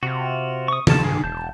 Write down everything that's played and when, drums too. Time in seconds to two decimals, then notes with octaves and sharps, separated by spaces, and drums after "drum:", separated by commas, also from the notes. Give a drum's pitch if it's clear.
0.03 C3 F4 F#4
0.68 C#6 D#6
0.87 D#2 F3 A5, drum: tom D#3
1.04 G2 G#4
1.24 E1 A5 G6